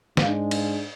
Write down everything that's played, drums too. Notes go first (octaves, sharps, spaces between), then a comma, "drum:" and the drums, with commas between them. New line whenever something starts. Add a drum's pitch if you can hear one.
G#2 G#3 D4 F5, drum: snare
drum: cymbal